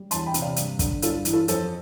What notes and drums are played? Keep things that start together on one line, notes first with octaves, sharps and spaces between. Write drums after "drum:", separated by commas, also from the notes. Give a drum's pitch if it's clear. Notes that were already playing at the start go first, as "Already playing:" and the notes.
Already playing: G3
E2 A5 C6, drum: hi-hat
G5 B5
C3, drum: hi-hat
D5 F5
G2, drum: hi-hat
D3, drum: kick, hi-hat
G2 F4 A4, drum: hi-hat
E3, drum: hi-hat
F4 A4
F2 A4 C5, drum: hi-hat